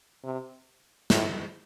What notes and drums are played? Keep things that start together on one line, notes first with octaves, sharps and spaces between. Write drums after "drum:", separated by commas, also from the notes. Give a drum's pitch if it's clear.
C3
A2, drum: snare